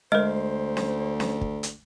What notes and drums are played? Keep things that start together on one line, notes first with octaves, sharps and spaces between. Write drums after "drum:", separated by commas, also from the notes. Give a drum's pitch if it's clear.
D2 G#3 A#4 C5 D#5
drum: snare C#4
drum: snare C#4
drum: kick
drum: hi-hat